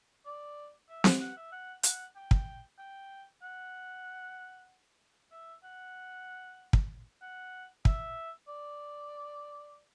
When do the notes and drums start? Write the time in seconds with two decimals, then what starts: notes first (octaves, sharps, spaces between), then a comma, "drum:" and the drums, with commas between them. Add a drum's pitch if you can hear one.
0.26 D5
0.89 E5
1.04 F#5, drum: snare C4
1.21 F#5
1.37 E5
1.52 F#5
1.83 F#5, drum: hi-hat
2.16 G5
2.31 drum: kick
2.79 G5
3.42 F#5
5.31 E5
5.64 F#5
6.73 drum: kick
7.22 F#5
7.85 E5, drum: kick
8.48 D5